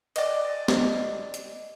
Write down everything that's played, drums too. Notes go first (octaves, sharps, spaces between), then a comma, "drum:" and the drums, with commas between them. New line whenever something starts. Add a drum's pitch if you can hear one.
D5 D#5, drum: cymbal
drum: snare
drum: hi-hat